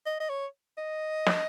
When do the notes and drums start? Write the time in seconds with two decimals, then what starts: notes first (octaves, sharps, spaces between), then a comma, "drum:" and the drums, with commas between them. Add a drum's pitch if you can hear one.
0.06 D#5
0.20 D#5
0.29 C#5
0.78 D#5
1.26 drum: snare